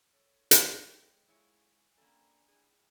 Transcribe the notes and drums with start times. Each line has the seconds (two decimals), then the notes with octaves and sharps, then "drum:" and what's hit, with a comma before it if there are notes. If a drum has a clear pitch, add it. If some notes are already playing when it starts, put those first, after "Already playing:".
0.13 A4 C#5
0.51 drum: hi-hat
0.69 G#3 G5
1.28 G#3 E4 F4 G#4 C#5 G#5
1.98 A#3 C#4 D4 A4 G5 A#5 B5
2.48 A2 G#4